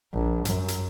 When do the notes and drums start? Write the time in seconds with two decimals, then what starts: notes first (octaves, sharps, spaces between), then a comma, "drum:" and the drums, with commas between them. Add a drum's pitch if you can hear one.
0.13 A#1
0.45 F#2, drum: hi-hat
0.68 drum: hi-hat